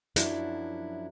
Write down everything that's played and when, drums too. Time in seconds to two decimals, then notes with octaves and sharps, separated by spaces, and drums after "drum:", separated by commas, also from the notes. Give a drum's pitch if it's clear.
0.16 F#2 F3 F#3 D4 E4, drum: hi-hat